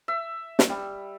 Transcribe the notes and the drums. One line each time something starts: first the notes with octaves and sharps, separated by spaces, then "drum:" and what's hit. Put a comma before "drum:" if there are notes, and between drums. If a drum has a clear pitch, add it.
E5
drum: snare
G3